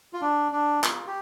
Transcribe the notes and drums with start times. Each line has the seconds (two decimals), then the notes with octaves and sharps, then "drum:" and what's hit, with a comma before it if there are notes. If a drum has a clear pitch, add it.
0.13 F4
0.21 D4
0.52 D4
0.84 F4, drum: clap
1.07 G4